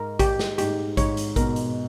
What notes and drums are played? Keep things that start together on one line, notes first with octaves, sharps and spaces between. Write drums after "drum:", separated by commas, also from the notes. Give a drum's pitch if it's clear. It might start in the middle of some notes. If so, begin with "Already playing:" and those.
Already playing: G#2 A#4
G4, drum: kick A1, hi-hat
drum: snare
G#2 G4, drum: hi-hat
G#2 C#5, drum: kick A1, hi-hat
drum: hi-hat
B2 A#4, drum: kick A1, hi-hat
drum: hi-hat